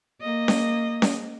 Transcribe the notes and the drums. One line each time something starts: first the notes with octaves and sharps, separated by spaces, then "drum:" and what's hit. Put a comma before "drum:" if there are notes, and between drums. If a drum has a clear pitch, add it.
A#3 D#5
drum: snare C#4
drum: snare C#4